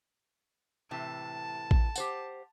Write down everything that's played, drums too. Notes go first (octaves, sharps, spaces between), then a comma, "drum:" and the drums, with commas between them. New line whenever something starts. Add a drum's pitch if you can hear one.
A2 C3 E3 A5
drum: kick A1
G4 C5 F#5, drum: tambourine